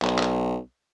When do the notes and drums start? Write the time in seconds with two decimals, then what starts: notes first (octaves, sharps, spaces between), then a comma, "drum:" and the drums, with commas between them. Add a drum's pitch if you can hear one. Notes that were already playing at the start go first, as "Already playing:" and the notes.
0.02 B1, drum: clap
0.19 drum: clap